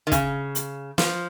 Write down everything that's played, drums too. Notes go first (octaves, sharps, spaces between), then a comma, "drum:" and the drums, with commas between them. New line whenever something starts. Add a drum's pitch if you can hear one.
D#3
C#3, drum: kick, hi-hat
drum: hi-hat
F3, drum: snare